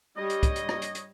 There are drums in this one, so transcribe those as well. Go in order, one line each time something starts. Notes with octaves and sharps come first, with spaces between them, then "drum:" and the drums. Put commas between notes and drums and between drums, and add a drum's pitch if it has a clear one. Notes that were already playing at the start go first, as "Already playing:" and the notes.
G3 D4 C#5 D#5
drum: hi-hat
drum: kick, hi-hat
drum: hi-hat
drum: rim click
drum: hi-hat
drum: hi-hat